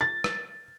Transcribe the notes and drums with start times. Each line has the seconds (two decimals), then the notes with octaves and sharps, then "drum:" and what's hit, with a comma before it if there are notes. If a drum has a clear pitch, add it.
0.01 A6
0.24 drum: rim click